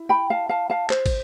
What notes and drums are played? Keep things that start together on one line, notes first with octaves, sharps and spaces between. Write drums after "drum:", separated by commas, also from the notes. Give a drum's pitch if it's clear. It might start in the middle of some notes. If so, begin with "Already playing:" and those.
Already playing: E4
G5 B5
F5 A5
F5 A5
F5 A5
C5, drum: clap
drum: kick, cymbal